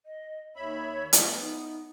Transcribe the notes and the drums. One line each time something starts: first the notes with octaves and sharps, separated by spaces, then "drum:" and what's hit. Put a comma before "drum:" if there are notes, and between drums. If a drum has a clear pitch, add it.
D#5
D#2 C#5 E5 B5
B3 E5, drum: hi-hat
D#4